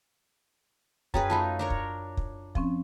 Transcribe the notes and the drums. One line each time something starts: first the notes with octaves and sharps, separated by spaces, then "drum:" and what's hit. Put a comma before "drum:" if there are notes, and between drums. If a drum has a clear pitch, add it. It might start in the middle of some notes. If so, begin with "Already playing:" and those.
F#2 C#4 G#4 B4 G5, drum: kick
A3 D#4 F4 A5 B5
D4 A#4 C#5
drum: kick
drum: kick
F3 C4 C#4, drum: kick